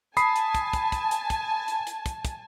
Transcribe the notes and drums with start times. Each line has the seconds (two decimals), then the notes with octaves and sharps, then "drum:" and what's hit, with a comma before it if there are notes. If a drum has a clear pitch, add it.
0.17 G#5 A5 B5 D#6 C7, drum: hi-hat
0.36 drum: hi-hat
0.55 drum: kick, hi-hat
0.73 drum: kick, hi-hat
0.92 drum: kick, hi-hat
1.11 drum: hi-hat
1.30 drum: kick, hi-hat
1.68 drum: hi-hat
1.87 drum: hi-hat
2.06 drum: kick, hi-hat
2.25 drum: kick, hi-hat